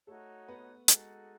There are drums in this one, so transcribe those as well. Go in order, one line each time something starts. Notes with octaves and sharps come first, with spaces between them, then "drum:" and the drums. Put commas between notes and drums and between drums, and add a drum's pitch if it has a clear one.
A3 D#4 F#4 A4 C#5
B3 B4
G#3 D#4 F#4 G#4 A4, drum: hi-hat